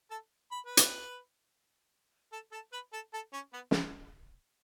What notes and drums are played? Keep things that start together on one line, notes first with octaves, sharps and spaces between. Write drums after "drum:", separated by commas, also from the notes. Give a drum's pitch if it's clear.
A4 A5
B5
B4 B5
drum: hi-hat
A4 A5
A4 A5
B4 B5
A4 A5
A4 A5
C#4 C#5
B3 B4
drum: snare